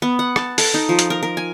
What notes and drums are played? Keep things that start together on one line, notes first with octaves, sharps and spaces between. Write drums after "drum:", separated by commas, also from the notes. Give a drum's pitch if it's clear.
B3
F#5
A5, drum: rim click
A4, drum: open hi-hat
D#4
F3
drum: hi-hat
A#4
A#4
G#5